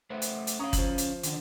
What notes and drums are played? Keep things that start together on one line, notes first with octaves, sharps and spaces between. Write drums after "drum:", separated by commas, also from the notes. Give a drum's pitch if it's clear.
A3 B4 C5
drum: hi-hat
drum: hi-hat
C#4 F5 A#5 C#6 D#6
F3 F#7, drum: kick, hi-hat
drum: hi-hat
D3 D#3, drum: hi-hat